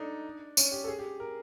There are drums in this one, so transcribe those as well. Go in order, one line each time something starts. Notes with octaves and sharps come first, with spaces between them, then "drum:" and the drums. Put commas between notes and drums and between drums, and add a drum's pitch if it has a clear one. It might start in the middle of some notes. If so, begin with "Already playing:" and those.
Already playing: D4 D#4 A4
C#4, drum: tambourine
G4
A4
G#4
G4
A#4